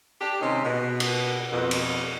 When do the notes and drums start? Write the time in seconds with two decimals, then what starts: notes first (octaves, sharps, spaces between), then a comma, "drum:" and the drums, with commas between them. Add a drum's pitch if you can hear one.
0.21 D4 G4
0.41 C3 D#3 G#3 C#4 D#4
0.65 B2
1.00 drum: cymbal
1.52 F2 B2
1.71 drum: cymbal